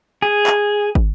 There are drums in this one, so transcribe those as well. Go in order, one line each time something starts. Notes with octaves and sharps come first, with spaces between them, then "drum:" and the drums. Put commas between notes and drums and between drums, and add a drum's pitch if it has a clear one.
G#4
drum: clap
drum: kick